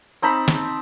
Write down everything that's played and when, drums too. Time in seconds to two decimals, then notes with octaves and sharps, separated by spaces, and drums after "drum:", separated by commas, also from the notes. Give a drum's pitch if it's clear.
0.22 C4 D#4 A5 B5
0.48 drum: snare